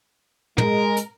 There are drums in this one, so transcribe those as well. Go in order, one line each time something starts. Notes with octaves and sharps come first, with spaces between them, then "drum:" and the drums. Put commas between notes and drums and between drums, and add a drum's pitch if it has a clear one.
G#3 A#4, drum: tom
drum: hi-hat